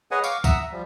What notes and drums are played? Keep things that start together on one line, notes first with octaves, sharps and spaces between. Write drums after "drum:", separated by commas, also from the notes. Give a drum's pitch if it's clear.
G#4 B4 C#5 D#5 F#5 G#5
F5 C#6 D6, drum: tambourine
E5 F#5 A#5 D#6 E6, drum: kick C2, tambourine
E5
F3 G3